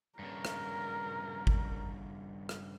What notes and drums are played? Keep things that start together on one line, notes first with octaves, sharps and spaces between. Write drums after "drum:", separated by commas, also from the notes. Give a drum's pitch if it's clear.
G2 C#3 A#4
drum: rim click
drum: kick G#1
drum: rim click